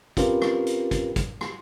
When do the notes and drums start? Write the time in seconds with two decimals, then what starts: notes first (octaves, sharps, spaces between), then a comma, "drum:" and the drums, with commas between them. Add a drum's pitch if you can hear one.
0.17 C4 C#4 F4 G4 A#4 B4, drum: kick, hi-hat
0.42 drum: rim click
0.66 drum: hi-hat
0.91 drum: kick, hi-hat
1.16 drum: kick, hi-hat
1.41 drum: rim click